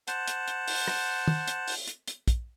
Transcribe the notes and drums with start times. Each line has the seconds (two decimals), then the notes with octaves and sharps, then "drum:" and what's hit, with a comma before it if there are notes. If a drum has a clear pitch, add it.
0.08 C5 F#5 A5, drum: hi-hat
0.28 drum: hi-hat
0.48 drum: hi-hat
0.68 drum: open hi-hat
0.88 drum: rim click
1.28 drum: tom
1.48 drum: hi-hat
1.68 drum: open hi-hat
1.88 drum: hi-hat
2.08 drum: hi-hat
2.28 drum: kick, hi-hat